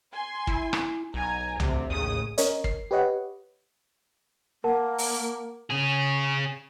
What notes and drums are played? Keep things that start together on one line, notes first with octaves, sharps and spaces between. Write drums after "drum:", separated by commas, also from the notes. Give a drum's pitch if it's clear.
G#5 C6
E4, drum: kick
drum: rim click
B1 G#5 A#5
D2 C3, drum: tom B1
A1 D#2 C#3 D#6
C#4 A#4 C#5 D#5, drum: hi-hat
C7, drum: kick
G4 B4 C#5 D#5 F#5
A#3 A#4 F#5 A5
drum: open hi-hat
C#4 G#4